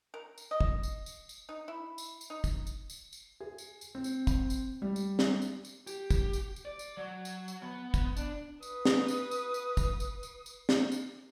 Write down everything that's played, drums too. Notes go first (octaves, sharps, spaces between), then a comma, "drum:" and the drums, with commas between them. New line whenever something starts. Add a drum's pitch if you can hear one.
A#4
drum: tambourine
D#5
drum: kick
drum: tambourine
drum: tambourine
drum: tambourine
D#4
E4
drum: tambourine
drum: tambourine
D#4
drum: kick, tambourine
drum: tambourine
drum: tambourine
drum: tambourine
G#4
drum: tambourine
drum: tambourine
C4
drum: tambourine
drum: kick, tambourine
drum: tambourine
G3
drum: tambourine
drum: snare
drum: tambourine
drum: tambourine
G4, drum: tambourine
drum: kick, tambourine
drum: tambourine
drum: tambourine
D5
drum: tambourine
F#3
drum: tambourine
drum: tambourine
B3
drum: kick, tambourine
D4, drum: tambourine
B4 D#6, drum: tambourine
drum: snare
drum: tambourine
drum: tambourine
drum: tambourine
drum: kick, tambourine
drum: tambourine
drum: tambourine
drum: tambourine
drum: snare
drum: tambourine